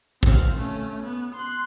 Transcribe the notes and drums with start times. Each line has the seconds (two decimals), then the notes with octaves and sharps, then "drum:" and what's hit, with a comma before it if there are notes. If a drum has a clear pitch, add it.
0.23 C4 F5, drum: kick
0.57 A3 C#4
1.03 B3
1.35 C6 F#6